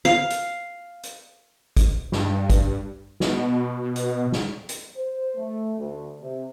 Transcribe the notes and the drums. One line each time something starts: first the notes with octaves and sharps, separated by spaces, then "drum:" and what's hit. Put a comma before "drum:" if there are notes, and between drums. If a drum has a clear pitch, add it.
F5
drum: hi-hat
drum: hi-hat
drum: kick, hi-hat
G2, drum: snare
drum: kick, hi-hat
B2, drum: snare
drum: hi-hat
drum: snare
drum: hi-hat
C5
A3
D2
C3